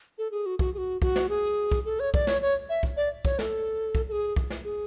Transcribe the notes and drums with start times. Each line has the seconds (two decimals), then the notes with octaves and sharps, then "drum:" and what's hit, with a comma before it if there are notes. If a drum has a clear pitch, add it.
0.18 A4
0.31 G#4
0.46 F#4
0.59 F#4, drum: kick
0.74 G#4
0.78 F#4
1.02 F#4, drum: kick
1.16 drum: snare
1.29 G#4
1.71 drum: kick
1.85 A4
2.00 C#5
2.14 D5, drum: kick
2.27 C#5, drum: snare
2.42 C#5
2.69 E5
2.83 drum: kick
2.97 D5
3.25 C#5, drum: kick
3.39 A4, drum: snare
3.95 drum: kick
4.08 A4
4.12 G#4
4.36 drum: kick
4.50 drum: snare
4.64 G#4